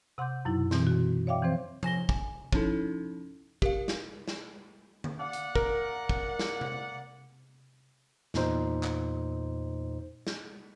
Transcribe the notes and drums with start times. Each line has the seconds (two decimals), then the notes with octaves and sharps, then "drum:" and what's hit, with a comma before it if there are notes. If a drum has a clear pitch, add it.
0.18 C3 F#5 C6 D6 G6
0.45 F#2 B2 F#3 D#4 E4
0.71 B2 E3 C4, drum: snare
0.87 F#4
1.27 C#5 D5 E5 F5 G5 D6
1.42 E3 F3 C4 C5
1.83 F3 G#5 A#6 G7, drum: tom C3
2.09 G#5, drum: kick
2.53 F3 C#4 D#4 E4 A4, drum: kick
3.62 G4 A#4 F5, drum: kick
3.88 drum: snare
4.28 drum: snare
5.04 drum: tom D3
5.20 D5 F5 F#5
5.33 drum: hi-hat
5.55 A#4, drum: kick
6.09 drum: kick
6.39 drum: snare
6.61 drum: tom C3
8.34 E2 A#2 D#4 C5, drum: snare
8.83 drum: clap
10.27 drum: snare